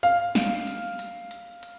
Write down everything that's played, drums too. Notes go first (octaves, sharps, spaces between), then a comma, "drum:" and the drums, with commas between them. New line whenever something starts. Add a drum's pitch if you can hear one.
F5, drum: hi-hat
drum: snare
drum: hi-hat
drum: hi-hat
drum: hi-hat
drum: hi-hat